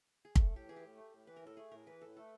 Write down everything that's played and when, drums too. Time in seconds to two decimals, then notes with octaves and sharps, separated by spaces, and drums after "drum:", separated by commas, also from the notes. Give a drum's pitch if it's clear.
0.25 G#4
0.36 A3 A4, drum: kick
0.51 A2 G4
0.66 E3 G#4
0.76 G4
0.82 A2
0.96 A3
1.11 A2
1.26 E3 B4
1.36 A2 A#4
1.47 A4
1.57 A3 G#4
1.71 A2 A#4
1.86 E3 B4
2.01 A2 A4
2.16 A3 A4